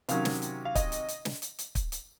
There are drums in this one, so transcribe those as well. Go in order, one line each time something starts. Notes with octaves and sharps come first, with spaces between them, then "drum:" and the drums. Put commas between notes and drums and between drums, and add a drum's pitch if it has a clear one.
C3 D#3 F#3 C#4 F5, drum: hi-hat
drum: snare
drum: hi-hat
F5
D#5, drum: kick, hi-hat
drum: hi-hat
drum: hi-hat
drum: snare
drum: hi-hat
drum: hi-hat
drum: kick, hi-hat
drum: hi-hat